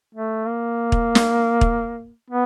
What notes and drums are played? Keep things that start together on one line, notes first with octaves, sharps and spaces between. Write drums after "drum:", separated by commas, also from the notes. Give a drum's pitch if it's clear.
A3
A#3
drum: kick
drum: snare
drum: kick
B3